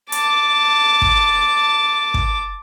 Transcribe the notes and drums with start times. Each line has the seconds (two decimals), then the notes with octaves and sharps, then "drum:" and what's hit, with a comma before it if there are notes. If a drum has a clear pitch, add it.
0.12 A5 D6, drum: hi-hat
1.02 drum: kick
2.14 drum: kick